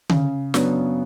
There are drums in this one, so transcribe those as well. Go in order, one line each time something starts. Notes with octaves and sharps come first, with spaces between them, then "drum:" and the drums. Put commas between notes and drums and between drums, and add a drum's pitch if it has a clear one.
C#3, drum: tom D3
F#3 B3 D4, drum: snare